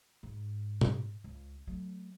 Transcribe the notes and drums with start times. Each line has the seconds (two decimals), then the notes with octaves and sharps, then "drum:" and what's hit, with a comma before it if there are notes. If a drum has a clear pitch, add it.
0.23 G#2
0.81 drum: tom A#2
1.24 C#2
1.67 F#3 A3